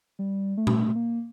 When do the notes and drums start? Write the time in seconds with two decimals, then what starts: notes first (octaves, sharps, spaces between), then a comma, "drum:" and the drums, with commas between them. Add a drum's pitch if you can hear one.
0.19 G3
0.57 A3
0.67 drum: tom A#2
0.96 A#3